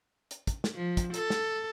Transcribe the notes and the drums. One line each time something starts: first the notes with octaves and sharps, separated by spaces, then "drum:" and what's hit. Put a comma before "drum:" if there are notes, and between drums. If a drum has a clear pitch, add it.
drum: hi-hat
drum: kick, hi-hat
drum: snare
F3
drum: kick, hi-hat
A4, drum: hi-hat
drum: snare